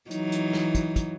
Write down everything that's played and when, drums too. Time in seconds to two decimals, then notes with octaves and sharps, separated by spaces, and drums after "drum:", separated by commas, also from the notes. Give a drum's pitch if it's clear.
0.11 E3 F#3 D#4, drum: hi-hat
0.32 drum: hi-hat
0.53 drum: snare
0.75 drum: kick, hi-hat
0.96 drum: kick, hi-hat